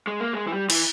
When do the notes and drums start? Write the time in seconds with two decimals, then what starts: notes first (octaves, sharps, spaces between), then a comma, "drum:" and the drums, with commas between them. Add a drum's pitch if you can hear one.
0.07 G#3
0.20 A#3
0.33 G#3
0.47 E3
0.53 G3
0.70 E3, drum: cymbal